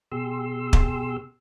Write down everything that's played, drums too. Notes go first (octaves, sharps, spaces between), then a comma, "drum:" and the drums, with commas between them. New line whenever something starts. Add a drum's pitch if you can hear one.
B2 G4 G#4 C6 E6
drum: kick